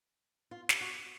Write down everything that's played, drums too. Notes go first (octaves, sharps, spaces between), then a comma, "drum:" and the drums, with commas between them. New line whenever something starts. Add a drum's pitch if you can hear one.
F4
G4, drum: snare
F#4